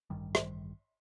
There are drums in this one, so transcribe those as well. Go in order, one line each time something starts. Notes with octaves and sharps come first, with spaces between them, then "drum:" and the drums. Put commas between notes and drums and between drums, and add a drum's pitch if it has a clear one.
A1 G2 D#3 G3
drum: rim click